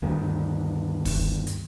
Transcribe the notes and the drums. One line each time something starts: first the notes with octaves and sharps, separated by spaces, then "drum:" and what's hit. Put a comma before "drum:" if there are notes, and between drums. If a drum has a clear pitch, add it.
D2 G2 D#3
drum: kick, open hi-hat
drum: hi-hat